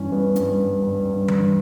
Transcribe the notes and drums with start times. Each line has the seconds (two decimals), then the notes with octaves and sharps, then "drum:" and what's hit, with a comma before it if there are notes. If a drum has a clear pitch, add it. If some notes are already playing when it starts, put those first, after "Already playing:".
Already playing: G2 E3 C#4
0.12 G2 B3
0.36 G2, drum: hi-hat
0.59 G2
0.82 G2
1.05 G2
1.28 G2, drum: tom E3